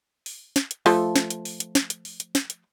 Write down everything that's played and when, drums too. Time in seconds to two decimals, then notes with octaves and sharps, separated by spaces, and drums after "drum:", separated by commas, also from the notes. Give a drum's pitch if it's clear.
0.26 drum: open hi-hat
0.56 drum: snare
0.71 drum: hi-hat
0.86 F3 A3 F4, drum: open hi-hat
1.16 drum: snare
1.30 drum: hi-hat
1.45 drum: open hi-hat
1.60 drum: hi-hat
1.75 drum: snare
1.90 drum: hi-hat
2.05 drum: open hi-hat
2.20 drum: hi-hat
2.35 drum: snare
2.50 drum: hi-hat